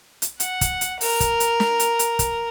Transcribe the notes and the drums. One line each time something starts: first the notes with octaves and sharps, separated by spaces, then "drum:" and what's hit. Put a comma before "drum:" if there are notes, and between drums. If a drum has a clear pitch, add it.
drum: hi-hat
F#5, drum: hi-hat
drum: kick, hi-hat
drum: hi-hat
A#4, drum: open hi-hat
drum: kick, hi-hat
drum: hi-hat
drum: snare
drum: hi-hat
drum: hi-hat
drum: kick, hi-hat